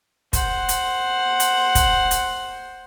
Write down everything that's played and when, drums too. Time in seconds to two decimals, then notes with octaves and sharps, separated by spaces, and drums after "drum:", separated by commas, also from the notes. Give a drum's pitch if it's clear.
0.33 C5 F#5, drum: kick, hi-hat
0.69 drum: hi-hat
1.40 drum: hi-hat
1.75 drum: kick, hi-hat
2.11 drum: hi-hat